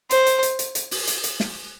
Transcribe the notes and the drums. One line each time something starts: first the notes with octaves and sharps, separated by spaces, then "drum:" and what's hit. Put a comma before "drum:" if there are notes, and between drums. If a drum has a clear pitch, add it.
C5, drum: hi-hat
drum: hi-hat
drum: hi-hat
drum: hi-hat
drum: hi-hat
drum: open hi-hat
drum: hi-hat
drum: hi-hat
drum: snare